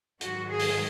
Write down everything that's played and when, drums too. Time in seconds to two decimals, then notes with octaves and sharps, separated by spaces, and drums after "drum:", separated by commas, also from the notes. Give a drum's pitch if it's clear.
0.21 G#2 D#3 F#3 F#4, drum: hi-hat
0.50 G#4
0.60 drum: open hi-hat